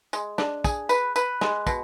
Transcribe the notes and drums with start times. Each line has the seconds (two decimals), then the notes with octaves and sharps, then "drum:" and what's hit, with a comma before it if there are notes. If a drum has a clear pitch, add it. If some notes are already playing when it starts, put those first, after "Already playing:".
0.13 G#3, drum: tambourine
0.38 D4, drum: snare
0.64 G#4, drum: kick, tambourine
0.89 B4, drum: tambourine
1.16 B4, drum: tambourine
1.41 G#3, drum: snare
1.67 B2, drum: kick, tambourine